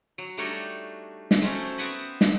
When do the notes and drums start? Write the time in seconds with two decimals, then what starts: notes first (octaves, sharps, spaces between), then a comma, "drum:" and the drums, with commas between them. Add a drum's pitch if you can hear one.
0.18 F#3
0.37 G3 A3 D4 D#4 F#4 C#5
1.31 drum: snare
1.41 F#3 A3 C4 C#4
1.78 B3 C4 F#5 G#5 B5
2.21 drum: snare